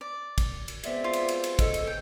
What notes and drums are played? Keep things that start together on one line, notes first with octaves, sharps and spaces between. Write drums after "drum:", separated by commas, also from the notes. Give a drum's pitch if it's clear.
D5
drum: kick, cymbal
drum: cymbal
G#3 B3 C4 D5 E5, drum: cymbal
F4
drum: cymbal
drum: cymbal
drum: cymbal
A4 C#5 D#5, drum: kick, cymbal
drum: cymbal
G5